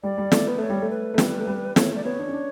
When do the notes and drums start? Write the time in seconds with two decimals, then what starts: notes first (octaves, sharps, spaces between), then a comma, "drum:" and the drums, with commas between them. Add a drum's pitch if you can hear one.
0.03 G3 D5
0.18 G3
0.32 A3, drum: snare
0.47 B3 B4
0.58 A3 C#5
0.70 G3
0.82 A3
0.90 B4
1.14 A3
1.18 G3, drum: snare
1.39 A3
1.47 G3
1.76 A3 C#5, drum: snare
1.91 A3 D5
2.04 B3 C#5
2.19 D4
2.27 C#4
2.33 D4